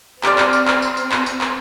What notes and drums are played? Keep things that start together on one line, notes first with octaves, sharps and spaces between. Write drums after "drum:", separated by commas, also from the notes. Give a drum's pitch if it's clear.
C4 G4 D5 F6, drum: clap
drum: clap
drum: tambourine
drum: clap
drum: tambourine
drum: tambourine
drum: clap
drum: tambourine
drum: clap